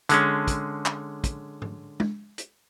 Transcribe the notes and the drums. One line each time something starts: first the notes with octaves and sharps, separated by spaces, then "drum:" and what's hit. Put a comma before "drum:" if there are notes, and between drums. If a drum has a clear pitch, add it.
D3 G#3 C#4, drum: hi-hat
drum: kick, hi-hat
drum: clap
drum: kick, hi-hat
drum: tom G#2
drum: tom
drum: hi-hat